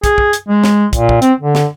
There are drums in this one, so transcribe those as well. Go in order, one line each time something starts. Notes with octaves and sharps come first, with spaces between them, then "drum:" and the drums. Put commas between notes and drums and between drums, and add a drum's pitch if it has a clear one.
G#4, drum: kick, hi-hat
drum: kick
drum: hi-hat
G#3
drum: snare
A#2, drum: kick, hi-hat
drum: kick
C4, drum: hi-hat
D3
drum: snare